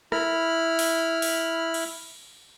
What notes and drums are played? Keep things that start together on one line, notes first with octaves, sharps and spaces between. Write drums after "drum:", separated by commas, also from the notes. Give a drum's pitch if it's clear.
E4 B5 F6, drum: rim click
drum: open hi-hat
drum: open hi-hat
drum: cymbal